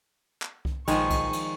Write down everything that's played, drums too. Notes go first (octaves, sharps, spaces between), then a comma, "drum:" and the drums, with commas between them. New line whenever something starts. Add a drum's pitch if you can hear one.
drum: clap
drum: kick C2
A#1 D#3 F3 G#3 C#6, drum: cymbal
drum: kick C2, cymbal
drum: cymbal